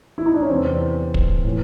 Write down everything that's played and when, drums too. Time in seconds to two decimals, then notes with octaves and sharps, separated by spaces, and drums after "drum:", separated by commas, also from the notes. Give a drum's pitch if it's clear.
0.18 E4
0.26 D#4
0.34 D4
0.42 C#4
0.50 E2 C3 E3 C4
1.14 drum: kick
1.45 A2 E3